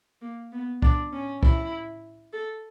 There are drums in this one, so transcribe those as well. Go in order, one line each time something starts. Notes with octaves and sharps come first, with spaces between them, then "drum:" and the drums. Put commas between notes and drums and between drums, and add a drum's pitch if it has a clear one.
A#3
B3
D4, drum: kick
C#4
E4, drum: kick
A4